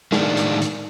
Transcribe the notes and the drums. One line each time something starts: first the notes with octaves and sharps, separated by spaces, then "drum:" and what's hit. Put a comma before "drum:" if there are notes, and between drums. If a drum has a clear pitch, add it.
A2 D#3 G#3 A#3 D4, drum: snare
drum: hi-hat
drum: hi-hat